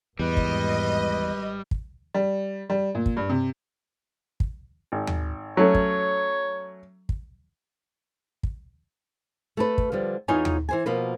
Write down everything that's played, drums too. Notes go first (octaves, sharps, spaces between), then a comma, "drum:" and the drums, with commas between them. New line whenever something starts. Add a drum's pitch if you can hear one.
G#1 E2 G3 B4 D#5
drum: kick
drum: kick
G3
G3
A#2
drum: kick
G2
C3
drum: kick
G#1
drum: tom
F#3 A3 C#4 C#5
drum: kick
drum: kick
drum: kick
A3 A4 B4
drum: kick
D3 F3 G3
E2 D#4 F4 B4 C#5 G#5
drum: tom
E3 C5 G#5
B2 F3 A#3 F#4 B4